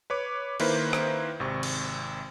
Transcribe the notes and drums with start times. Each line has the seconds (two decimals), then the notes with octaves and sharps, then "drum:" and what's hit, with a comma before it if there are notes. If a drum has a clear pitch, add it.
0.10 B4 C#5 D6
0.60 D#3 A#3 E4 B4 C5, drum: cymbal
0.93 drum: rim click
1.40 G#1 C3 C#6
1.63 drum: cymbal